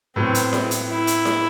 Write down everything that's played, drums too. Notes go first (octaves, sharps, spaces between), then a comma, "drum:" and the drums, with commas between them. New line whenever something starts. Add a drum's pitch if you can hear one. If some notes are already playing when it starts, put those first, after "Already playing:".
A2 F#3 B3 C4
drum: hi-hat
drum: snare E4
drum: hi-hat
E4
drum: hi-hat
drum: snare E4